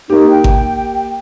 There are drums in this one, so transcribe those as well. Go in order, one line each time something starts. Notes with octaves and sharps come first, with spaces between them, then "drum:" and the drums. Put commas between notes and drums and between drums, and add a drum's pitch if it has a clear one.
A#3 D#4 G4
G5
drum: kick G#1